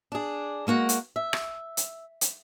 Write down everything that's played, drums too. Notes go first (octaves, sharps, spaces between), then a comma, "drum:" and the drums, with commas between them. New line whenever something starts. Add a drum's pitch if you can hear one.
D4 G#4
G#3 A#3 F#4 F#5
drum: hi-hat
E5
drum: rim click
drum: hi-hat
drum: hi-hat